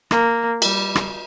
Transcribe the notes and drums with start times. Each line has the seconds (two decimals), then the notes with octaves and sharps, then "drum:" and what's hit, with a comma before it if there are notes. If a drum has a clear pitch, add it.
0.11 A#3, drum: rim click
0.62 G3, drum: cymbal
0.95 drum: rim click